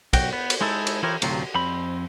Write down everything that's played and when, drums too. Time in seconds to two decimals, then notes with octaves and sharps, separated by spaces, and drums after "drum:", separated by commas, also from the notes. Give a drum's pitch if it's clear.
0.13 B1 F#4 G5, drum: kick, cymbal
0.33 B3
0.50 drum: cymbal
0.61 G#3 D#4 E4 A4
0.87 drum: cymbal
1.03 E3 E4 F4 G4 A#4 C#5
1.22 D2 A2 C3 F#3 F4, drum: cymbal
1.55 F2 C4 B5